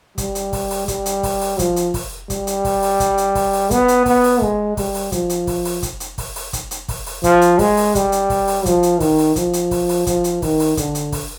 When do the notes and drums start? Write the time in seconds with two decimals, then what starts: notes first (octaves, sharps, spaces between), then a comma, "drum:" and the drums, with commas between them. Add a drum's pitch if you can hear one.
0.18 G3, drum: kick, hi-hat
0.35 drum: hi-hat
0.53 drum: kick, open hi-hat
0.70 drum: open hi-hat
0.88 G3, drum: kick, hi-hat
1.06 drum: hi-hat
1.23 drum: kick, open hi-hat
1.41 drum: open hi-hat
1.59 F3, drum: kick, hi-hat
1.76 drum: hi-hat
1.94 drum: kick, open hi-hat
2.30 G3, drum: kick, hi-hat
2.47 drum: hi-hat
2.65 drum: kick, open hi-hat
2.82 drum: open hi-hat
3.00 drum: kick, hi-hat
3.18 drum: hi-hat
3.35 drum: kick, open hi-hat
3.53 drum: open hi-hat
3.71 B3, drum: kick, hi-hat
3.88 drum: hi-hat
4.06 B3, drum: kick, open hi-hat
4.24 drum: open hi-hat
4.42 G#3, drum: kick
4.77 G3, drum: kick, open hi-hat
4.94 drum: open hi-hat
5.12 F3, drum: kick, hi-hat
5.30 drum: hi-hat
5.47 drum: kick, open hi-hat
5.65 drum: open hi-hat
5.83 drum: kick, hi-hat
6.00 drum: hi-hat
6.18 drum: kick, open hi-hat
6.35 drum: open hi-hat
6.53 drum: kick, hi-hat
6.71 drum: hi-hat
6.88 drum: kick, open hi-hat
7.06 drum: open hi-hat
7.24 F3, drum: kick, hi-hat
7.41 drum: hi-hat
7.59 G#3, drum: kick, open hi-hat
7.77 drum: open hi-hat
7.95 G3, drum: kick, hi-hat
8.12 drum: hi-hat
8.30 drum: kick, open hi-hat
8.47 drum: open hi-hat
8.66 F3, drum: kick, hi-hat
8.83 drum: hi-hat
9.00 D#3, drum: kick, open hi-hat
9.18 drum: open hi-hat
9.36 F3, drum: kick, hi-hat
9.53 drum: hi-hat
9.71 drum: kick, open hi-hat
9.89 drum: open hi-hat
10.07 F3, drum: kick, hi-hat
10.24 drum: hi-hat
10.42 D#3, drum: kick, open hi-hat
10.59 drum: open hi-hat
10.77 D3, drum: kick, hi-hat
10.95 drum: hi-hat
11.12 drum: kick, open hi-hat